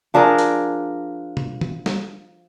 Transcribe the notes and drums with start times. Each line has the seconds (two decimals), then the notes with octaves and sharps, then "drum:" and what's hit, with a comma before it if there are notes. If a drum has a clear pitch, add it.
0.14 F3 D4 G#4 A#4
0.38 drum: hi-hat
1.37 drum: tom B2
1.61 drum: tom
1.86 drum: snare